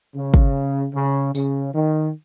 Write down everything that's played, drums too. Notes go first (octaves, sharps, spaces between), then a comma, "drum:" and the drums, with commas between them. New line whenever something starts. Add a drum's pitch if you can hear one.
C#3
drum: kick
C#3
C#3, drum: tambourine
D#3